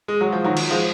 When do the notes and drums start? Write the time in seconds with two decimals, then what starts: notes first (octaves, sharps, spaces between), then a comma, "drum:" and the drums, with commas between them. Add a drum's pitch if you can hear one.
0.08 G#3
0.21 F#3
0.32 F3
0.44 D#3 F#3
0.57 drum: cymbal
0.71 F3 G#3